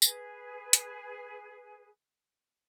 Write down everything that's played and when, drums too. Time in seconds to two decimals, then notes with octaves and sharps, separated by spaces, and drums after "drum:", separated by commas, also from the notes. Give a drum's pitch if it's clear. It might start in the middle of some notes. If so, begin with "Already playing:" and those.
0.02 G#4 B4 G#5, drum: tambourine
0.73 drum: hi-hat